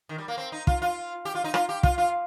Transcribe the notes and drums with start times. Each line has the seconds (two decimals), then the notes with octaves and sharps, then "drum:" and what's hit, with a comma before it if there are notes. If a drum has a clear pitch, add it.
0.09 D#3
0.18 G3
0.28 A#3
0.38 C4
0.52 D#4
0.67 F4, drum: kick
0.82 F4
1.25 G4
1.35 F4
1.44 D#4
1.54 F4, drum: rim click
1.69 G4
1.83 F4, drum: kick
1.98 F4